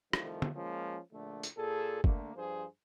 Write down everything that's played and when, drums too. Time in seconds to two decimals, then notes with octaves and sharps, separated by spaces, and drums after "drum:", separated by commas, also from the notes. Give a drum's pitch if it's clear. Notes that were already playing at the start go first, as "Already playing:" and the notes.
0.13 C2 D#3 F3 A3, drum: rim click
0.42 drum: tom
0.56 F3 G#3 A#3 C#4
1.13 A#1 D3 A3
1.43 drum: tambourine
1.58 A#2 G#4 A4
2.04 D3 A3 A#3, drum: kick
2.36 G2 F3 G#4 C5